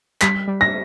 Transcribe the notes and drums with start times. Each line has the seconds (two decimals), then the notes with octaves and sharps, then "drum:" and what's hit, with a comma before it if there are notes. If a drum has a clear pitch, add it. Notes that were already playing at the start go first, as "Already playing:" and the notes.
0.21 G3 B6, drum: clap
0.48 G3
0.61 A#6